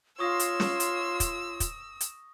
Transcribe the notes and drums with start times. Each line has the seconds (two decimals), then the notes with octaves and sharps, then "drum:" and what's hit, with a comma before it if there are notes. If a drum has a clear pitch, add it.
0.19 F4 C#5 C6 C#6 D#6 E6 A#6
0.40 drum: hi-hat
0.60 drum: snare
0.80 drum: hi-hat
1.20 drum: kick, hi-hat
1.60 drum: kick, hi-hat
2.01 drum: hi-hat